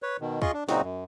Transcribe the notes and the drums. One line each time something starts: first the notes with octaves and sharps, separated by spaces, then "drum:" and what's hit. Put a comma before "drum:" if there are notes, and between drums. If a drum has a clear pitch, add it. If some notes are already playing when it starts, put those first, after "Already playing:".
B4 C#5
B2 D#3
F4 G#4 D#5 C6 C#6, drum: kick
D4
A#2 C#3 F#3 C4 D#4 F#4, drum: snare
F#2